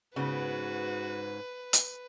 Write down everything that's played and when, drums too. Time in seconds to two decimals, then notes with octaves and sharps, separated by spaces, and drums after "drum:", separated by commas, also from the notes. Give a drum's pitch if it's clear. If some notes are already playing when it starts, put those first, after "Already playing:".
0.16 G#2 C#3 B3 F#4 B4
1.73 drum: hi-hat